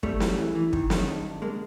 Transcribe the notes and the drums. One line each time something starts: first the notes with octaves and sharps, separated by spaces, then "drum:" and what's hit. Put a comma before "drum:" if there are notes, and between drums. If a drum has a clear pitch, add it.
G#2 G3 A3, drum: kick
E3, drum: snare
E3
E3
D#3, drum: kick
D#3, drum: snare
G2
G2
D3 G#3 A#3